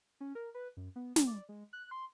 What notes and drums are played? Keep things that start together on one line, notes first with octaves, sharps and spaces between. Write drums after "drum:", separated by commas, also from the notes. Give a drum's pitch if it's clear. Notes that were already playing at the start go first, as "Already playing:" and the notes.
C#4
A#4
B4
F#2
B3
G3, drum: snare
D5
G#3
F#6
C6